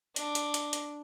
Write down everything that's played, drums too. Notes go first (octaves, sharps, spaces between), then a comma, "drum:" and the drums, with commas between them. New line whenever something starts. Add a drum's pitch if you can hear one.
D4, drum: hi-hat
drum: hi-hat
drum: hi-hat
drum: hi-hat